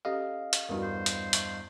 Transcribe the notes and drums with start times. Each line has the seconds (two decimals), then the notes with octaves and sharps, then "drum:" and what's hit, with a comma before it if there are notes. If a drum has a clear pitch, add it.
0.05 C#4 G4 A4 D#5 F5
0.53 drum: hi-hat
0.69 E2 G2 F#4 A#4
0.83 C5
1.06 drum: hi-hat
1.33 E5 C#6, drum: hi-hat